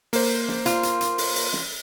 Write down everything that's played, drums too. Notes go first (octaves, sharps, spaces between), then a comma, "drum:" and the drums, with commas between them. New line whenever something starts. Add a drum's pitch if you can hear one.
A#3 C5, drum: open hi-hat
drum: snare
F4, drum: hi-hat
drum: hi-hat
drum: hi-hat
drum: open hi-hat
drum: open hi-hat
drum: snare